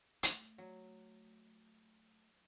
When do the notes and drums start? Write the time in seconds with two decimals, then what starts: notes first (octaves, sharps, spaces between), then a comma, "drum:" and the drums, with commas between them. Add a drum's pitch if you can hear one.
0.23 A3, drum: hi-hat
0.58 F#3